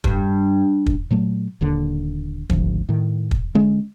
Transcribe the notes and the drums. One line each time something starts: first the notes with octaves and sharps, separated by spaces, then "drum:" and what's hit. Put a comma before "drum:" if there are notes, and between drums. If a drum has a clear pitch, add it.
G2, drum: kick
drum: kick
A#2 F#3 A3
D#1 D#2 D3
G#1 D2 F3, drum: kick
A2 D#3
drum: kick
D3 G#3 C#4